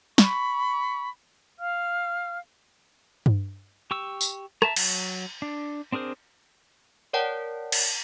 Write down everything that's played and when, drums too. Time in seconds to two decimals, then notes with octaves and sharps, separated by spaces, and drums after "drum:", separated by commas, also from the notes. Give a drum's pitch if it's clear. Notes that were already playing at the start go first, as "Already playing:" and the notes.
0.18 B5 C#6, drum: snare
1.59 F5 F6
3.26 drum: tom G2
3.91 G4 C#6 E6
4.21 drum: tambourine
4.62 E5 A5 A#5, drum: rim click
4.76 F#3, drum: cymbal
5.42 D4
5.92 C4 D4 G#4 A#4 C5
7.13 A#4 C#5 D5 F#5 G5 A5
7.72 drum: cymbal